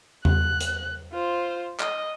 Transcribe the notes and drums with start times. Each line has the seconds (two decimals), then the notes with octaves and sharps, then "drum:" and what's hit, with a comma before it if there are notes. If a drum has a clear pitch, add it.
0.25 F#6, drum: tom E2
0.61 drum: hi-hat
1.13 F4 C5
1.80 D#5, drum: clap